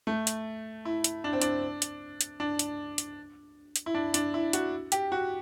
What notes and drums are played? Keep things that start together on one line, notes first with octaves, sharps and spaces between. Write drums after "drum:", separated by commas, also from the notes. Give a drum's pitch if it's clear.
A3
drum: hi-hat
E4
drum: hi-hat
D4
C4
D4, drum: hi-hat
drum: hi-hat
drum: hi-hat
D4
drum: hi-hat
drum: hi-hat
drum: hi-hat
E4
D4
D4, drum: hi-hat
E4
F#4, drum: hi-hat
G4, drum: hi-hat
F#4